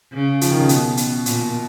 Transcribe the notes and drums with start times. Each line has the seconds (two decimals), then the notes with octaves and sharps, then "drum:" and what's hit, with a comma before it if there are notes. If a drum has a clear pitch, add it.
0.13 C#3
0.41 F3, drum: hi-hat
0.51 D#3
0.60 C#3
0.69 B2, drum: hi-hat
0.97 drum: hi-hat
1.26 A#2, drum: hi-hat